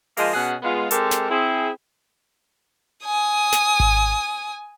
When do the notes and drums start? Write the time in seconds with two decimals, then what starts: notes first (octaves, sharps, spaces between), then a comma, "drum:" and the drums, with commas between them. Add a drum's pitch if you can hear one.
0.17 F3 G#3 A#3 G#4 D#5 F5, drum: open hi-hat
0.33 B2 C#4 G#4 F#5
0.63 G#3 B3 F4
0.91 G#3 C4 G4 A4 A#4, drum: hi-hat
1.11 drum: snare
1.30 C4 E4 G#4
3.05 G#5 D#6
3.53 drum: snare
3.80 drum: kick G#1